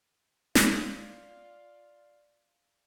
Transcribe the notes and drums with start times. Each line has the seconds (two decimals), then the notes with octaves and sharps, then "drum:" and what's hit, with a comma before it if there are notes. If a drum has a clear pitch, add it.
0.55 F4 D5, drum: snare